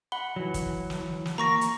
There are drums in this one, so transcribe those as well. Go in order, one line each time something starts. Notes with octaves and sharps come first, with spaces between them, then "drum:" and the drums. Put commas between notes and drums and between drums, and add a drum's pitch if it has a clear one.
F#5 B5 G7
E3 F#3
drum: kick, hi-hat
drum: snare
drum: snare
A#3 A#5 C#6 A#6
drum: hi-hat